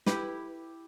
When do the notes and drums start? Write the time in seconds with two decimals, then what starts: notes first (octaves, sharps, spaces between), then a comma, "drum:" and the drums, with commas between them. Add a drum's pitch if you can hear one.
0.06 E4 G4 B4, drum: snare